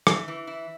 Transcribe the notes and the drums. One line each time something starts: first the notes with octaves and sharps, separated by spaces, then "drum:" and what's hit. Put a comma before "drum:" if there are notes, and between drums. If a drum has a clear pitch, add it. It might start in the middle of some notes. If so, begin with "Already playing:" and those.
E3, drum: rim click
E3
E4